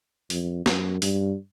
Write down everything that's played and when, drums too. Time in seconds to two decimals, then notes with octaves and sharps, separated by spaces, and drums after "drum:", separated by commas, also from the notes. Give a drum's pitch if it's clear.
0.30 F2, drum: open hi-hat
0.66 F#2, drum: snare
1.02 G2, drum: open hi-hat